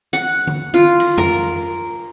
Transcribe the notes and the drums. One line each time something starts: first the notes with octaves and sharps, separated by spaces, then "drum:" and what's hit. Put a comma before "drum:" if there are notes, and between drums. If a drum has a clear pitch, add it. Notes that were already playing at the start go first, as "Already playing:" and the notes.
F#5
drum: tom D3
F4
drum: cymbal
A#4, drum: tom F2